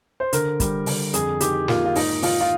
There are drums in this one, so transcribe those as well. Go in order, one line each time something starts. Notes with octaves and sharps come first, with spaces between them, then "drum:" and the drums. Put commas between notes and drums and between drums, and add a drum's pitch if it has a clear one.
C5
D3 A#4, drum: hi-hat
G3, drum: kick, hi-hat
D3, drum: open hi-hat
F2 G#4, drum: hi-hat
D#3 G4, drum: hi-hat
A#3 F4, drum: snare
F4
G#2 D#4, drum: open hi-hat
D#3 F4, drum: open hi-hat
F4